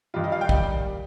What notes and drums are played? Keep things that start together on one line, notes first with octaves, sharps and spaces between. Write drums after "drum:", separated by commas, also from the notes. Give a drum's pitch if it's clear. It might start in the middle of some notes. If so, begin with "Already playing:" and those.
G2 D#3 G3 F4
D#5
F5
G5
D#3 G3, drum: kick